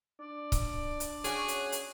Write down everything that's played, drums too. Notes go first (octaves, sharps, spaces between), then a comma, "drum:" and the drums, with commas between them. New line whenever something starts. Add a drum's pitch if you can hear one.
D4 D5
drum: kick C#1, hi-hat
drum: hi-hat
C#4 F#4 G#4, drum: hi-hat
drum: hi-hat
drum: hi-hat